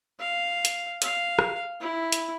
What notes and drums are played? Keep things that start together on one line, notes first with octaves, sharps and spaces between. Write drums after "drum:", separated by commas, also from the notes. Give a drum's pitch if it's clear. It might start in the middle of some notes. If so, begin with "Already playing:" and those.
F5
drum: hi-hat
F5, drum: hi-hat
drum: rim click
E4
drum: hi-hat